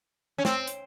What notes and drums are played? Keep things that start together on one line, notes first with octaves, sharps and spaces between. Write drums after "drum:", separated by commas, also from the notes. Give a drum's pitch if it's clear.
C#4
C4, drum: snare
drum: hi-hat